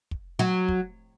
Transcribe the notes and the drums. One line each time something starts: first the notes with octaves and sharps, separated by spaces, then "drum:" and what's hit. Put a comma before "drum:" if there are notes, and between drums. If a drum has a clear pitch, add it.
drum: kick
F#3
drum: kick